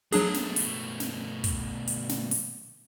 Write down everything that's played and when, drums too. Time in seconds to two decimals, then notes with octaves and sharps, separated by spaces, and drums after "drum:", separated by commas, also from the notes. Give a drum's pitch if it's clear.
0.12 B2 F#3 A3 D4 G#4, drum: hi-hat
0.34 drum: snare
0.56 drum: open hi-hat
1.00 drum: snare
1.44 drum: kick, hi-hat
1.87 drum: hi-hat
2.09 drum: snare
2.31 drum: open hi-hat